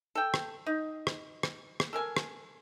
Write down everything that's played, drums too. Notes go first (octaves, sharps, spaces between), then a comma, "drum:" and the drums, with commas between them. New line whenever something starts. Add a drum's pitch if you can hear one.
A4 G5
drum: rim click
D#4
drum: rim click
drum: rim click
drum: rim click
A4 A#4 G#5
drum: rim click